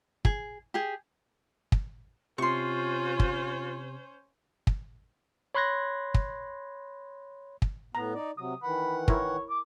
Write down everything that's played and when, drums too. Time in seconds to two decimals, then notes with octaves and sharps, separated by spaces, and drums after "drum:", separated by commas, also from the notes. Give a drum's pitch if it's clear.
0.25 G#4, drum: kick
0.74 G4 G#4
1.72 drum: kick
2.38 C3 C#4 F4 C5 C6 C#6
3.20 drum: kick
4.67 drum: kick
5.55 C#5 B5 C6 F#6 G#6 A#6
6.14 drum: kick
7.62 drum: kick
7.95 A2 B3 A#5
8.14 D#4 D5
8.37 C3 F#3 D#6
8.63 D#3 E3 F#5 B5
9.08 E4 A#4 C#5, drum: kick
9.50 D6